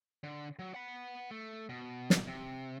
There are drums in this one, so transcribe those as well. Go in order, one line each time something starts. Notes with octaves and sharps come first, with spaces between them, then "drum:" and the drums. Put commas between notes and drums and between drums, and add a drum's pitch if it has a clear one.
D3
F#3
F#5 B5
A3
B2
drum: snare
C3